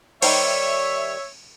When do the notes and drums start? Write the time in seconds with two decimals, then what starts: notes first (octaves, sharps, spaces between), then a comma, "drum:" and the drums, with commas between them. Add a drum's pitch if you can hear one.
0.22 D#3 G3 C5 C#5 E5, drum: cymbal